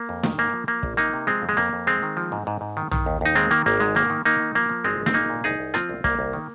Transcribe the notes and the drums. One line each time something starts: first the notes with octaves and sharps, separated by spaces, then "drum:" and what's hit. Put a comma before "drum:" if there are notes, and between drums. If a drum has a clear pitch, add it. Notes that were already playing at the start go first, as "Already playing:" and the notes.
Already playing: A#3
F2
D#3, drum: snare
G#2 A#3
F3
F3 A#3
A#1, drum: kick
C3 A#3 D#4
C3
F3 G#3 C4
F2
G#3
F2 A#3
F2
D#3 G#3 C4
D#3
F3
G#2
G#2
G#2
D#3
D#3, drum: tom A#1
D#2
D#2 D#4
D#3 G#3 C4
D#3 A#3
G#1 A#3
G#2 G#3
D#3 A#3
D#3
D#3 A#3 D#4
D#3
F3 A#3
F3
G#1 G#3 C4
G#1
C4, drum: snare
A#2 A#3 D#4
A#2
C2 D#4 G#4
C2
F3 C4 F4, drum: rim click
C2
C2 A#3, drum: kick
C2
D#3